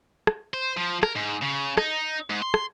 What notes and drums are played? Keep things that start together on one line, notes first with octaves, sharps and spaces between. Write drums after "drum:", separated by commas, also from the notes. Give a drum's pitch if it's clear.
drum: rim click
C5
F3
A#4, drum: rim click
G#2
C#3
D#4, drum: rim click
G#2
C6
drum: rim click